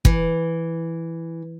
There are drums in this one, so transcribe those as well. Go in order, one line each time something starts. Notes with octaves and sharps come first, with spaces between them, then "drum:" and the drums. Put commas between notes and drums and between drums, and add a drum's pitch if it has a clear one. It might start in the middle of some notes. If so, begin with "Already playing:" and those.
E3, drum: kick